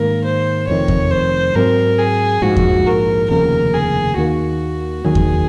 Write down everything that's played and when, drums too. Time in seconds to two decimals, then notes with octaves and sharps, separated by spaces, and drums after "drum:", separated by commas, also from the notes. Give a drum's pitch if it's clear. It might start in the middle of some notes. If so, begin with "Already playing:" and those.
Already playing: G#2 D#3 A#3 A#4
0.24 C5
0.67 F1 F2 D#3 C#5
0.88 drum: kick E2
1.11 C5
1.55 G#2 F#3 C4 A#4
1.99 G#4
2.42 A#1 G#2 F3 F#4
2.57 drum: kick E2
2.86 A#4
3.30 F1 D#2 C#3 F3 A#4
3.74 G#4
4.17 D#2 D#3 A#3 F#4
5.05 D#2 D#3 F#3 G#4
5.15 drum: kick E2